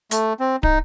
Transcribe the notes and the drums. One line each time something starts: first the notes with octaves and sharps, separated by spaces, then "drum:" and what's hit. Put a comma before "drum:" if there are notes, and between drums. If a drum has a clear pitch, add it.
A3, drum: hi-hat
C4
D#4, drum: kick